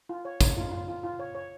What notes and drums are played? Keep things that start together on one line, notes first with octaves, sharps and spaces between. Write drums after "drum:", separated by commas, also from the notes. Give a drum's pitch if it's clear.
F4
C#5
C#5, drum: kick, tambourine
F4
F4
F4
F4
C#5
C#5